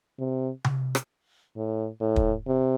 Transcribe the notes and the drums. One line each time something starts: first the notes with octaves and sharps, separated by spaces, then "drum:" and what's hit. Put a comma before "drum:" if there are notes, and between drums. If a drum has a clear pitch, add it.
C3
drum: tom C3
drum: rim click
A2
A2
drum: kick
C3